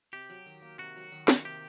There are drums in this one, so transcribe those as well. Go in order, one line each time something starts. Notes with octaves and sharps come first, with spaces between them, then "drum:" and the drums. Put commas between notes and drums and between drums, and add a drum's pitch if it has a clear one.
C3 G4
F#3
D#3
A#3
C3 F#4
F#3
D#3
A#3, drum: snare
C3 G4